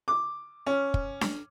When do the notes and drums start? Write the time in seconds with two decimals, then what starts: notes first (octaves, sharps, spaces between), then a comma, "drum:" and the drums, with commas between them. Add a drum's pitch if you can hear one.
0.08 D6
0.67 C#4
0.94 drum: kick
1.21 drum: snare D4